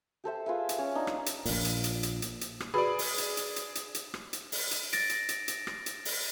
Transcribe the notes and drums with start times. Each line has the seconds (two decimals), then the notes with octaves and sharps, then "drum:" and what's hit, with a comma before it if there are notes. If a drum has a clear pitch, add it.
0.24 G4 A4 C5 E5
0.46 F4 G#4 B4 E5
0.69 drum: hi-hat
0.78 C#4 C#5
0.95 D4 D#4
1.07 drum: rim click
1.26 drum: hi-hat
1.45 A#1 A#2, drum: open hi-hat
1.65 drum: hi-hat
1.84 drum: hi-hat
2.03 drum: hi-hat
2.22 drum: hi-hat
2.41 drum: hi-hat
2.60 drum: rim click
2.74 F#4 G#4 B4 D5 B5
2.99 drum: open hi-hat
3.18 drum: hi-hat
3.37 drum: hi-hat
3.56 drum: hi-hat
3.75 drum: hi-hat
3.95 drum: hi-hat
4.14 drum: rim click
4.33 drum: hi-hat
4.52 drum: open hi-hat
4.71 drum: hi-hat
4.93 A6 A#6 D7, drum: hi-hat
5.09 drum: hi-hat
5.29 drum: hi-hat
5.48 drum: hi-hat
5.67 drum: rim click
5.86 drum: hi-hat
6.05 drum: open hi-hat